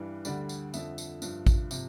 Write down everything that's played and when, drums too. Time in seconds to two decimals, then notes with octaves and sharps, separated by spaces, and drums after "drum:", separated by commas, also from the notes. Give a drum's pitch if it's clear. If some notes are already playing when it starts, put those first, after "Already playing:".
Already playing: G2 E3 G3
0.25 D2 D3 G3 D5, drum: tambourine
0.49 drum: tambourine
0.74 F2 D3 F3 E5, drum: tambourine
0.98 drum: tambourine
1.22 G2 F3, drum: tambourine
1.46 drum: kick A1, tambourine
1.71 C3 F3, drum: tambourine